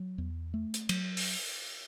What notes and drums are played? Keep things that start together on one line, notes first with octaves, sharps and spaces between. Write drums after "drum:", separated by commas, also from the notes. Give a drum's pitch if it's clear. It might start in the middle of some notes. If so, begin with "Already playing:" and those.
Already playing: F#3
E2
A3
drum: hi-hat
F#3, drum: cymbal
drum: open hi-hat